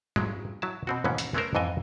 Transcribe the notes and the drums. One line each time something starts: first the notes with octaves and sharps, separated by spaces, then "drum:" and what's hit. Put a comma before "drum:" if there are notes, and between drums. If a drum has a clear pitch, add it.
F#3 G#3, drum: tom
F#3 E4 A5
B2 C4 F#4
D#2 G#2 B2 E3 B3 C#4
drum: hi-hat
G#3 A3 B3 C#4 A#4 C5
F2 G#2 E3 A4 D#5 G#5